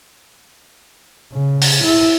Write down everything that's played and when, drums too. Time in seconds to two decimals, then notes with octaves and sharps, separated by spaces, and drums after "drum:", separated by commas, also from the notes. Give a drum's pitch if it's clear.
1.33 C#3
1.61 drum: open hi-hat
1.84 E4